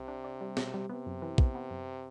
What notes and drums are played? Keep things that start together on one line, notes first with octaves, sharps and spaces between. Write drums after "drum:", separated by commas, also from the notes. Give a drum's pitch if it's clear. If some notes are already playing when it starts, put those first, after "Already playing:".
Already playing: C2 C3
D4
D4
G3
B2, drum: snare
G3
C3 B3
F#2
E3
B3, drum: kick
B3
F#2